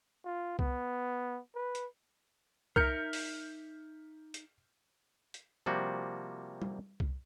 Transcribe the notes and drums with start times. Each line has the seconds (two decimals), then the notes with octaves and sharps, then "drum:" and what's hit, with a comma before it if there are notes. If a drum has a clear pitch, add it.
0.25 F4
0.59 B3, drum: kick C2
1.55 B4
1.75 drum: hi-hat
2.76 D#4 A#4 E5 F6 G6 C#7, drum: kick C2
3.13 drum: open hi-hat
4.34 drum: hi-hat
5.34 drum: hi-hat
5.66 C3 F3 G3 A#3 F#4
6.62 drum: tom G3
7.00 drum: kick C2